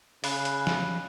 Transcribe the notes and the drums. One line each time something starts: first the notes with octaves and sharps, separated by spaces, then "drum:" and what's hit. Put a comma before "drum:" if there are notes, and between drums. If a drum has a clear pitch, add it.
C#3 F5 B5 F#6, drum: open hi-hat
drum: hi-hat
drum: snare